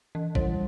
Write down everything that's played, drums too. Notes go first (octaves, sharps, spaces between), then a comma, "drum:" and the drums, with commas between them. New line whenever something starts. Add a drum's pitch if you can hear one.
E3
G3, drum: kick